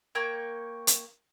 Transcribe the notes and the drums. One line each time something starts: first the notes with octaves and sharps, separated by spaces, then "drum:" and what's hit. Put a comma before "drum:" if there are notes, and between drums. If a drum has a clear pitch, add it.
A#3 C#5 G5
drum: hi-hat